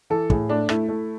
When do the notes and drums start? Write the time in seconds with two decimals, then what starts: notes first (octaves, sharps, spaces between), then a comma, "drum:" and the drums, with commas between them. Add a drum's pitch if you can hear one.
0.10 E3 A4
0.30 A2 G#4, drum: kick
0.49 A3 D4
0.69 A3 E4, drum: rim click
0.89 A3